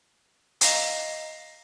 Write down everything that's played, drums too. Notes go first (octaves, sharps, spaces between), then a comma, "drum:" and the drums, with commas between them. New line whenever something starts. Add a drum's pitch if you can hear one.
D#5 F5 A#5 A#6 C7, drum: hi-hat